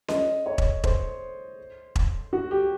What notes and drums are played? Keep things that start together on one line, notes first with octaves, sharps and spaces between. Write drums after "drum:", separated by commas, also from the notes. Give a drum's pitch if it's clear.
D#5, drum: snare C#4
C#5
drum: kick E1
C5, drum: kick E1
drum: kick E1
F#4
G4